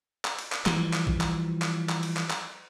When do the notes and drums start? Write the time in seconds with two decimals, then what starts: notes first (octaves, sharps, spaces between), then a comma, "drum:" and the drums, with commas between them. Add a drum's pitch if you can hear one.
0.25 drum: clap
0.39 drum: cymbal
0.52 drum: clap
0.66 E3 F3 G3, drum: clap
0.93 drum: clap
1.07 drum: kick
1.21 drum: clap
1.62 drum: clap
1.89 drum: clap
2.03 drum: cymbal
2.17 drum: clap
2.30 drum: clap